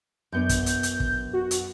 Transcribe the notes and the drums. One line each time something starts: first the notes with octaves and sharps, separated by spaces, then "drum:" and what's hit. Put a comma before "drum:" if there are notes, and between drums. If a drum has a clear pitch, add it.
F#2 B3 D4 G6
drum: kick, hi-hat
drum: hi-hat
drum: hi-hat
drum: kick
F#4
drum: hi-hat